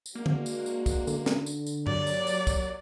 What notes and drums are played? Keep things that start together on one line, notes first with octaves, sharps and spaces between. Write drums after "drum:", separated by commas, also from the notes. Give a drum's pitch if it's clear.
drum: tambourine
G#3 A#3 D4 F#4
drum: tom D3
drum: tambourine
drum: tambourine
drum: kick, tambourine
D3, drum: tambourine
drum: snare
drum: tambourine
drum: tambourine
F#3 A#3 G4 C#5 D5, drum: tom G2
drum: tambourine
drum: tambourine
drum: kick, tambourine